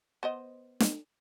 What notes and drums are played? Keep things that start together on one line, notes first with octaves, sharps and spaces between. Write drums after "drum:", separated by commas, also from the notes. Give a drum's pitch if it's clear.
B3 C5 D#5
drum: snare